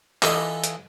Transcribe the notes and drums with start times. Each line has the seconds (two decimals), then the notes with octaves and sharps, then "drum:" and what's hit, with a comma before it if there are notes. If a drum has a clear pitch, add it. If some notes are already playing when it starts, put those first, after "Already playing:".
0.23 E3 F4 A4 D#5 E5 D#6, drum: clap
0.64 drum: hi-hat